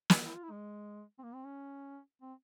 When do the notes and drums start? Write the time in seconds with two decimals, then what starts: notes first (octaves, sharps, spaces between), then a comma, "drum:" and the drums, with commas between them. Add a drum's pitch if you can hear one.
0.10 drum: snare
0.26 E4
0.34 F4
0.43 E4
0.51 G#3
1.19 C4
1.23 A#3
1.34 C4
1.45 C#4
2.22 C4